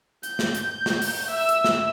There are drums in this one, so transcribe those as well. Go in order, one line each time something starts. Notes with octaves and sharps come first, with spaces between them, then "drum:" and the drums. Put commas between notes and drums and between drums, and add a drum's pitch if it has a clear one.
G6, drum: hi-hat
drum: snare
drum: hi-hat
drum: snare
drum: open hi-hat
E5 E6
drum: hi-hat
drum: snare